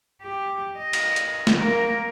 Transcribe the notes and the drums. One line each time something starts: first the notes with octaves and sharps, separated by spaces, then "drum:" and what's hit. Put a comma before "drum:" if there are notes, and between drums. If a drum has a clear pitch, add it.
G4
D#5
drum: cymbal
drum: hi-hat
drum: snare
A#3 A#4